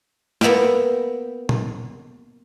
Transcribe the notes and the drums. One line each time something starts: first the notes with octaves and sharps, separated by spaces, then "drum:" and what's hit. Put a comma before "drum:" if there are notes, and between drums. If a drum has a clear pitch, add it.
A#3 B3 E5 F5 G5, drum: snare
drum: tom